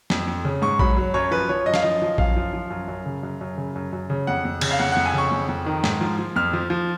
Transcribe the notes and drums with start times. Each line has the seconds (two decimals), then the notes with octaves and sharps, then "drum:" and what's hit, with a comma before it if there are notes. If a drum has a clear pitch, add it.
0.10 F2, drum: snare
0.27 F2
0.45 C#3
0.62 G#2 C#6
0.79 F#3 B5, drum: kick A1
0.97 F#3
1.14 F#2 C#5
1.31 F3 B4
1.49 F3 C#5
1.66 F#2 D#5
1.74 F5, drum: snare
1.82 F3 D#5
2.02 F3
2.18 F#2 F5, drum: kick A1
2.36 F3
2.53 F3
2.70 F#2
2.88 F#2
3.06 C#3
3.23 F#2
3.41 F#2
3.58 C#3
3.76 F#2
3.93 F#2
4.10 C#3
4.27 F2 F#5
4.45 F2
4.61 C#3, drum: cymbal
4.71 F5
4.79 F2 F#5
4.92 F2 F#5
5.06 G#5
5.14 C#3 C#6
5.32 F2
5.49 F2
5.66 D#3
5.84 G#2, drum: snare
6.01 F3
6.19 F3
6.36 F2 F6
6.53 F3
6.70 F3